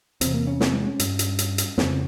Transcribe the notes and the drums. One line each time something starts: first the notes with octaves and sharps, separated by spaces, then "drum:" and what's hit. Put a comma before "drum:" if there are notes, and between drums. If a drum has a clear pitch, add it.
E2 C3 C4, drum: hi-hat
A#3
C#4
C4, drum: snare
G#3
C#4
G2, drum: hi-hat
drum: hi-hat
drum: hi-hat
drum: hi-hat
F2 C#3 C4, drum: snare